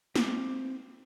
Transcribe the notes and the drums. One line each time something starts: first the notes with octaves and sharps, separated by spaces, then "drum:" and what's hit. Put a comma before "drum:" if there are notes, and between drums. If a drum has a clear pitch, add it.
C4 D6, drum: snare